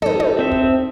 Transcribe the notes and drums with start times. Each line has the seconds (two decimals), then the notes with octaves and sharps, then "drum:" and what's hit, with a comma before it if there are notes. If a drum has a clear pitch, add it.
0.02 D#4 A4, drum: tom
0.20 drum: tom
0.39 C4 E5
0.52 drum: kick